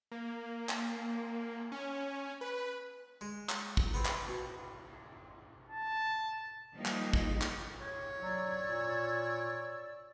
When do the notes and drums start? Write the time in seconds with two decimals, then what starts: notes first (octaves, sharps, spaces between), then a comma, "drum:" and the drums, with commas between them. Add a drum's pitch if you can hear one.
0.12 A#3
0.69 drum: clap
1.72 C#4
2.41 B4
3.21 G#3
3.49 drum: clap
3.77 drum: kick
3.94 B3 C4
4.05 drum: clap
4.28 B2
5.69 A5
6.75 D#3 F3 G3 A#3 D#4
6.85 drum: clap
7.13 drum: kick
7.41 drum: clap
7.81 C#5
8.21 F#3 D5 E6
8.62 A#2